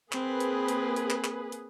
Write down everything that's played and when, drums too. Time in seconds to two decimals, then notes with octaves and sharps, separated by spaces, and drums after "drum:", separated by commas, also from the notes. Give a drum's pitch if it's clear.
0.12 A#3 C4 G#4 B4, drum: clap
0.40 drum: hi-hat
0.68 drum: hi-hat
0.96 drum: hi-hat
1.10 drum: clap
1.24 drum: clap
1.52 drum: hi-hat